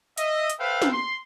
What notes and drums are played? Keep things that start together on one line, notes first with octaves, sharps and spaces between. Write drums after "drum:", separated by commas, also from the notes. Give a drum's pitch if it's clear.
D#5 E5, drum: hi-hat
drum: hi-hat
A4 B4 C5 E5 F5 G5
drum: snare
C6